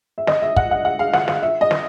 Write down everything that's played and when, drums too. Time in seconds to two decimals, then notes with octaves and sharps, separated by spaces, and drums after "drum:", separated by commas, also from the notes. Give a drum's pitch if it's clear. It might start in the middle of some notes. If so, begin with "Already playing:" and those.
0.18 E5
0.27 D#5, drum: snare
0.42 E5
0.56 F#5, drum: kick
0.71 F#5
0.85 F#5
0.99 F5
1.13 F#5, drum: snare
1.28 F5, drum: snare
1.42 E5
1.61 D#5
1.71 drum: snare